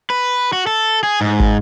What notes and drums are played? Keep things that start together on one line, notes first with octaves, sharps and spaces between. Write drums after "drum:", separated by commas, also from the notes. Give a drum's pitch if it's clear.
B4
F#4
A4
G#4
G#2
drum: kick